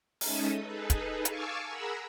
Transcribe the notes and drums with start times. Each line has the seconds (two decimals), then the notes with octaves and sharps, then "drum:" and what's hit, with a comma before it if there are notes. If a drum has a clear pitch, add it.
0.21 G#3 C#4 D#4 A4 E5 D#6, drum: open hi-hat
0.62 D#4 G#4 A4 B4
0.90 drum: kick, hi-hat
1.25 F5 G#5 A5 C#6 D6 E6, drum: hi-hat
1.68 G#4 A#4 F#5 A#5 B5 E6